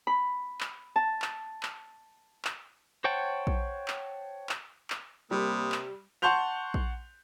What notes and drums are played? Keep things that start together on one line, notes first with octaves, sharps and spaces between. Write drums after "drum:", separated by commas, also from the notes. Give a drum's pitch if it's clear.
B5
drum: clap
A5
drum: clap
drum: clap
drum: clap
C5 C#5 F#5 G5 A5
drum: kick A#1
drum: clap
drum: clap
drum: clap
C3 G3 A#3 B5 D#6
drum: clap
F#5 A5 C6 C#6 G6 F7
drum: kick A#1